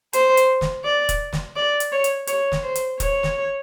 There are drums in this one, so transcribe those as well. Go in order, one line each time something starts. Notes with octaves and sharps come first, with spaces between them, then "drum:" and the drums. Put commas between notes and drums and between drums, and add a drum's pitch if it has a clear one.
C5, drum: hi-hat
drum: hi-hat
drum: snare
D5
drum: kick, hi-hat
drum: snare
D5
drum: hi-hat
C#5
drum: hi-hat
C#5, drum: hi-hat
drum: snare
C5
drum: hi-hat
C#5, drum: kick, hi-hat
drum: snare